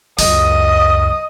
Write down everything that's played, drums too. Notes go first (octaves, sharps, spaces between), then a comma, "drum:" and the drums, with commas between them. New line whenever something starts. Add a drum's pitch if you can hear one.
C#2 F#2 D#5 D#6, drum: open hi-hat